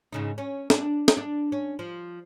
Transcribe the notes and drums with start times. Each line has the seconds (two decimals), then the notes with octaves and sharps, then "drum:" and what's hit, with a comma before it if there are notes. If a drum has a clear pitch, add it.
0.12 G#2 C#3 D#4
0.38 C#4
0.70 D4, drum: snare
1.08 drum: snare
1.17 D4
1.52 C#4
1.79 F3